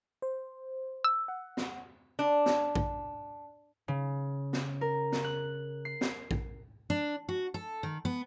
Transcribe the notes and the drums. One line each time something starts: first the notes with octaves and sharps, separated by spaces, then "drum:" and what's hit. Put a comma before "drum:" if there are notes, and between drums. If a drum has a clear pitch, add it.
C5
E6
F#5
drum: snare
D4
drum: snare
drum: kick A#1
C#3
drum: snare
A#4
drum: snare
F#6
C7
drum: snare
drum: kick A#1
D4
F#4
A4
D#3
B3